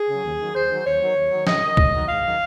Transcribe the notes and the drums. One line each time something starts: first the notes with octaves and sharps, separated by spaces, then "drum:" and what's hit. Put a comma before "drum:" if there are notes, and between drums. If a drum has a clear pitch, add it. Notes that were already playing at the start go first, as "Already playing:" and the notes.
Already playing: G#4
C#3 F#3
D#2
D#3 F#3
D#2 C5
D#3 F#3
D#2 C#5
D#3 F#3
D#2
D#3 F#3
G#2 D#5, drum: snare
D#3 F#3
G#2, drum: kick
D#3 F#3
G#2 F5
D#3 F#3